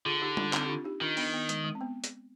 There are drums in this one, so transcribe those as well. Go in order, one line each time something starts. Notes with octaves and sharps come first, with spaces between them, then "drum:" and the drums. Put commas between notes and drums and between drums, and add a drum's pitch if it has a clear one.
D3 F4 G#4
D#4 G4
D4 F4, drum: tom G3
C4 D#4, drum: clap
G4
D4 F4
D#4 G4
D#3 D4 F4
B3 D4, drum: open hi-hat
B3
G#3, drum: hi-hat
G#3
C4
B3
drum: hi-hat